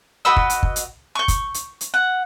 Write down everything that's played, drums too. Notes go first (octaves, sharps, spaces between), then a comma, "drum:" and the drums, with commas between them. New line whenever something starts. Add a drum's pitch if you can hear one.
F#4 B4 D#5 E6
drum: kick
drum: hi-hat
drum: kick
drum: hi-hat
C#6 G6
drum: kick, hi-hat
drum: hi-hat
drum: hi-hat
F#5